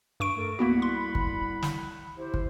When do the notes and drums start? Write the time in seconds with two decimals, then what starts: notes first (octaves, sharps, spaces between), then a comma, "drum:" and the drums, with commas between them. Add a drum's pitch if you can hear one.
0.20 G2 C#6 D7
0.37 A3 A4 A#4
0.59 C2 A#3 B3 F#4 F#5 B5
0.82 C6
1.15 drum: kick
1.62 drum: snare
2.18 E4 G4 C5
2.34 drum: kick